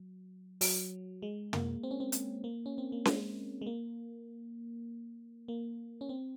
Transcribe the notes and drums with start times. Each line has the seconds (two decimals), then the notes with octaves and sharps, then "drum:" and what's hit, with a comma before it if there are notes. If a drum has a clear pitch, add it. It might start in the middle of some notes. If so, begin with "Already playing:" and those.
Already playing: F#3
0.61 F#3, drum: open hi-hat
1.22 G#3
1.53 A#3, drum: tom
1.83 C4
1.91 C#4
2.00 C4
2.12 drum: hi-hat
2.44 A#3
2.66 C#4
2.78 C4
2.92 A#3
3.05 G#3, drum: snare C#4
3.62 G#3
3.66 A#3
5.48 A#3
6.01 C#4
6.09 C4